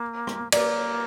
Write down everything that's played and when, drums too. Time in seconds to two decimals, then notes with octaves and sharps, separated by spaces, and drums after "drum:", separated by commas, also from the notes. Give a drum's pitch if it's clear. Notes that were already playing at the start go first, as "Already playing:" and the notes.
Already playing: A#3
0.27 drum: rim click
0.52 A#3 D5, drum: cymbal